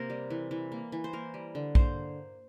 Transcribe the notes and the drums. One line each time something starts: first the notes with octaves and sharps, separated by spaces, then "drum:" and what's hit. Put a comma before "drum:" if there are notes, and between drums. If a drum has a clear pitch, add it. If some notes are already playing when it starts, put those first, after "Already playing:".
Already playing: C3 A#3 A#4 C5
G3
E3
E3
A#3
E3
C5
A#3 A#4
G3
D3
A#3 C5, drum: kick